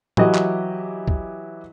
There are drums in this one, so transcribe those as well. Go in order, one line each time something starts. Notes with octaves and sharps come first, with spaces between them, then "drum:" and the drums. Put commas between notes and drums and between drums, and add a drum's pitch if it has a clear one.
E3 F#3 E4 G4 D#5, drum: tom
drum: clap
drum: kick